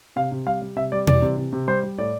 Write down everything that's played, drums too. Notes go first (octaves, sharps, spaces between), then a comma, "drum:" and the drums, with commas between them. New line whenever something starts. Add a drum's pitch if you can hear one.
C3 F5
C3
G3 F5
G3
C3 E5
G3 D5
E3 D5, drum: tom B2
C3
C3
C3
G3 C5
G3
A2 D5